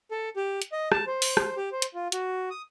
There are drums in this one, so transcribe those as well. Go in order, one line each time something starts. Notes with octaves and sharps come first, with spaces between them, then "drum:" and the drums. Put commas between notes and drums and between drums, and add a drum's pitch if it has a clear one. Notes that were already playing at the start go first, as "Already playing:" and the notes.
A4
G4
drum: hi-hat
D#5
A5, drum: rim click
C5
drum: open hi-hat
drum: rim click
G4
C5
drum: hi-hat
F4
F#4, drum: hi-hat
D#6